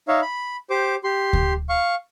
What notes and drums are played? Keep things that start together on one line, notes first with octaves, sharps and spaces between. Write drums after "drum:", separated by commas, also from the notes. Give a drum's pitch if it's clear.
D#4 C#5 E5 F5
B5
G4 C5 D6
G4 C6
drum: kick D2
F5 C#6